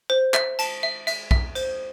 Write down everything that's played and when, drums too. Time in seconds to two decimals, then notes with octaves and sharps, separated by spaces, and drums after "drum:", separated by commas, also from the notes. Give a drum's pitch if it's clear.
0.10 C5
0.34 E5, drum: clap
0.59 A5, drum: cymbal
0.83 E5
1.07 E5, drum: cymbal
1.31 E5, drum: kick
1.55 C5, drum: cymbal